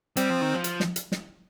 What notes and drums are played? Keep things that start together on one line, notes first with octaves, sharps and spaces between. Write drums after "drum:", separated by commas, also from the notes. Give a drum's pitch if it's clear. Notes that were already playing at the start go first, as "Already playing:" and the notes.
G3 C4, drum: hi-hat
F3
D#3
F3
drum: hi-hat
drum: snare
drum: hi-hat
drum: snare